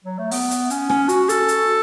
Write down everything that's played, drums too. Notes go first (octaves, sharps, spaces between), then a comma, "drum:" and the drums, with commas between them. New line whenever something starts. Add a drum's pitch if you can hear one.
F#3
A3
B3, drum: open hi-hat
drum: hi-hat
C#4, drum: hi-hat
C#4, drum: rim click
F#4, drum: hi-hat
A4, drum: hi-hat
drum: hi-hat